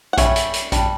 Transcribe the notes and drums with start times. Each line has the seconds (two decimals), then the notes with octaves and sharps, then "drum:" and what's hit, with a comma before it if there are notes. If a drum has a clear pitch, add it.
0.13 F#5
0.18 G3 C#4 C#5 E5, drum: kick A#1, hi-hat
0.36 drum: hi-hat
0.54 drum: hi-hat
0.72 G3 D4, drum: kick A#1, hi-hat